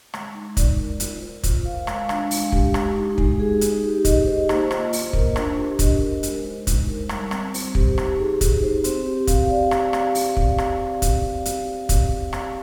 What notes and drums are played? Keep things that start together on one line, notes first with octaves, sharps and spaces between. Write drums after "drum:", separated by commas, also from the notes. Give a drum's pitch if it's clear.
G#3, drum: rim click
D#4
D5, drum: kick, hi-hat
A#4
F4, drum: hi-hat
C5
F4, drum: kick, hi-hat
F5
G#3, drum: rim click
D4, drum: rim click
G#3, drum: open hi-hat
G4, drum: kick
G#3, drum: rim click
D#4
G#3, drum: kick
G#4
D#4, drum: hi-hat
G4
D#5, drum: kick, hi-hat
C5
A#3, drum: rim click
F4, drum: rim click
A#3, drum: open hi-hat
A#4, drum: kick
D4, drum: rim click
G4
D#5, drum: kick, hi-hat
C5
G#3, drum: hi-hat
D#4
G#3, drum: kick, hi-hat
A#4
G3, drum: rim click
C4, drum: rim click
C5, drum: open hi-hat
G4, drum: kick
D#4, drum: rim click
G#4
D#4, drum: kick, hi-hat
C5
C4, drum: hi-hat
G4
F5, drum: kick, hi-hat
D5
drum: rim click
drum: rim click
drum: open hi-hat
drum: kick
drum: rim click
drum: kick, hi-hat
drum: hi-hat
drum: kick, hi-hat
drum: rim click